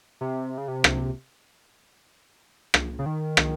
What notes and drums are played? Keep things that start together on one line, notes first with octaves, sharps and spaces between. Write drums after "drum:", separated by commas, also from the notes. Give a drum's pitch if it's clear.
C3
C#3
C3
drum: rim click
drum: rim click
C#3
D#3
drum: rim click